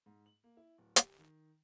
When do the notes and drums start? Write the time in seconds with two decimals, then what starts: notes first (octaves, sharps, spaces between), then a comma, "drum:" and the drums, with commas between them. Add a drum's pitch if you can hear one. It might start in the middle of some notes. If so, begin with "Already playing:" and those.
0.06 G#2
0.26 F#7
0.44 A#3
0.57 E4
0.78 D1
0.96 G4, drum: hi-hat
1.19 D#3